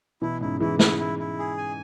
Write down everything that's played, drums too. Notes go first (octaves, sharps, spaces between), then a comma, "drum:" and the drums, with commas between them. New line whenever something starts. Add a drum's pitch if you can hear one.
B2 E3 E4
G#2 C#3 E4
E3 G#3 E4
E4, drum: snare
E4
E4
G#4
G#5